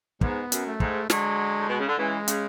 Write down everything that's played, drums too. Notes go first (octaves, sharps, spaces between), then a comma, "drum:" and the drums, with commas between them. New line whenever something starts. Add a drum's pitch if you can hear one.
G#2 B3, drum: kick
F#2, drum: hi-hat
A3
G#2, drum: kick
D3 F#3 G#3, drum: snare
A2
B2
C#3
D3
C#3 E3 G#3
C#3, drum: hi-hat